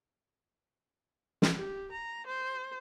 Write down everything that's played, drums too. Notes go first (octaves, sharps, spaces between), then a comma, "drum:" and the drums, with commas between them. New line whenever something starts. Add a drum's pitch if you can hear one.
drum: snare
G4
A#5
C5